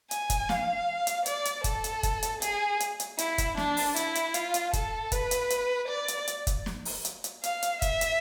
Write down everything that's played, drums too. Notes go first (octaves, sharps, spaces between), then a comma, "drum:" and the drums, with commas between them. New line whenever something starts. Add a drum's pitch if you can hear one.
G#5, drum: hi-hat
drum: kick, hi-hat
F5, drum: snare
drum: hi-hat
D5, drum: hi-hat
drum: hi-hat
A4, drum: kick, hi-hat
drum: hi-hat
drum: kick, hi-hat
drum: hi-hat
G#4, drum: hi-hat
drum: hi-hat
drum: hi-hat
E4, drum: hi-hat
drum: kick, hi-hat
D4, drum: snare
drum: open hi-hat
E4, drum: hi-hat
drum: hi-hat
F4, drum: hi-hat
drum: hi-hat
A4, drum: kick, hi-hat
B4, drum: kick, hi-hat
drum: hi-hat
drum: hi-hat
D5
drum: hi-hat
drum: hi-hat
drum: kick, hi-hat
drum: snare
drum: open hi-hat
drum: hi-hat
drum: hi-hat
F5, drum: hi-hat
drum: hi-hat
E5, drum: kick, hi-hat
drum: hi-hat